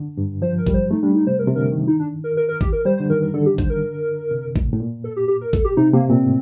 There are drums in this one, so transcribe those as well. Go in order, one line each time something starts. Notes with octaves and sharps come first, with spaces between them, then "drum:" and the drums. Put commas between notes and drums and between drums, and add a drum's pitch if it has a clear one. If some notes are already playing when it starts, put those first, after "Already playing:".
Already playing: D3
G2
F3 C5
A#4
G3, drum: kick G#1
C5
A3 D#4
G3 D4
D#4
C3 C5
A#4
C3
D3 A#4
D#3
D#4
D4
A#4
A#4
A#4
G4, drum: kick G#1
A#4
G3 C5
D3 C5
D#3 A#4
A#4
D3 A4
G4
C5, drum: kick G#1
A#4
C3
A2, drum: kick G#1
A2
A#2
A4
G4
G4
A#4
A4, drum: kick G#1
G4
C3 D#4
C3 A#3
A#2 C4
A2